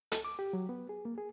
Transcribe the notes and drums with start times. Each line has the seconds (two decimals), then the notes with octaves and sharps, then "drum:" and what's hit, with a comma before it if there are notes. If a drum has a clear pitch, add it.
0.12 A4, drum: hi-hat
0.25 D6
0.39 G4
0.53 F#3
0.69 B3
0.89 G#4
1.05 A#3
1.18 G#4